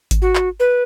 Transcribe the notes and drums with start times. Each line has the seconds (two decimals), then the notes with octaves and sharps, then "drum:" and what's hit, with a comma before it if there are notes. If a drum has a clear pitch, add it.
0.11 drum: kick G#1, hi-hat
0.22 F#4
0.35 drum: clap
0.60 B4